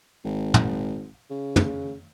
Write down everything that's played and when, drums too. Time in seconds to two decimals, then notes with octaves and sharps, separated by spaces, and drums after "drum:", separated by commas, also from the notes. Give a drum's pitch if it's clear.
0.25 G#1
0.54 drum: tom
1.30 C#3
1.56 drum: tom